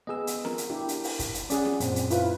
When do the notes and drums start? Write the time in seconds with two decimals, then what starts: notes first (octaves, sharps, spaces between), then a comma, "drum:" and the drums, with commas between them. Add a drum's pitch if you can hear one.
0.07 B3 G#4 D#5 E6
0.27 drum: hi-hat
0.45 A#4, drum: snare
0.58 drum: hi-hat
0.70 D4 E4 G4
0.89 drum: hi-hat
1.04 drum: open hi-hat
1.19 drum: kick, hi-hat
1.35 drum: hi-hat
1.50 C#4 G#4 D5 F#5, drum: hi-hat
1.65 drum: snare
1.80 F#2 A#2 C4, drum: hi-hat
1.96 drum: hi-hat
2.10 E4 F4 B4, drum: hi-hat